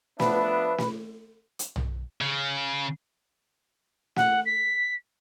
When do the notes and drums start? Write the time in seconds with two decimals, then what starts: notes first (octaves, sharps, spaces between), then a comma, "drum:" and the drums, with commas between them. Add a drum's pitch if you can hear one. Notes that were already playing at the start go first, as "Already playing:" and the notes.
0.20 F3 B3 D4 B4 E5 B5, drum: snare
0.78 drum: snare
1.59 drum: hi-hat
1.76 drum: tom
2.21 C#3
4.16 F#5, drum: snare
4.45 B6